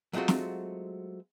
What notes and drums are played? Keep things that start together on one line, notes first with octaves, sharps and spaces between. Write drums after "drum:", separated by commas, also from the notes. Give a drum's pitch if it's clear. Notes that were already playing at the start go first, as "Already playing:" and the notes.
F#3 G#3 A3 C4 F4 F#4
drum: snare